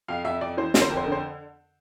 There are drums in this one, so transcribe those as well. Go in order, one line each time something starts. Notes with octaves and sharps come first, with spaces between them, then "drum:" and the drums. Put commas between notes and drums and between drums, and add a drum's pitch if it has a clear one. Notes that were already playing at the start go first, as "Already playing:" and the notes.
F2 F5
F2 E5
F2 D5
E3 C5
D3 A#4, drum: snare
C5
F2 A#4
C5
A#4
D3
C5